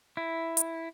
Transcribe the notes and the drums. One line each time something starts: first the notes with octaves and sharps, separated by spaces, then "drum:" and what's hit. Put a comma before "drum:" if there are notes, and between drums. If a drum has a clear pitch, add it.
E4
drum: hi-hat